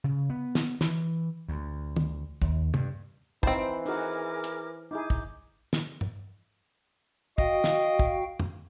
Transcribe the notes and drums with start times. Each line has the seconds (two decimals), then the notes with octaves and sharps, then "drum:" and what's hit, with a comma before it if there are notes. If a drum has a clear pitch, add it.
0.04 C#3
0.30 B3
0.55 drum: snare
0.81 E3, drum: snare
1.48 D2
1.96 drum: tom
2.42 D#2, drum: kick
2.74 G2, drum: tom
3.43 E3 C4 D#4 C5 F5 G5 A5 B5, drum: kick
3.86 D#4 F#4 G#4 A#4 D6, drum: open hi-hat
4.44 drum: hi-hat
4.91 D#4 E4 G#4 D6 G6
5.10 drum: kick
5.73 drum: snare
6.01 drum: tom
7.38 F#4 D#5 F5 G5, drum: kick
7.64 drum: snare
7.99 drum: kick
8.40 drum: tom